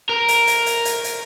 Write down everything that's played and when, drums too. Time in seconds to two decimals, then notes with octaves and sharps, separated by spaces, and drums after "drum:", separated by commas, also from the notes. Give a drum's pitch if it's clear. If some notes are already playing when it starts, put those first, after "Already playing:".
0.09 A#4
0.28 drum: hi-hat
0.47 drum: hi-hat
0.66 drum: hi-hat
0.85 drum: hi-hat
1.04 drum: hi-hat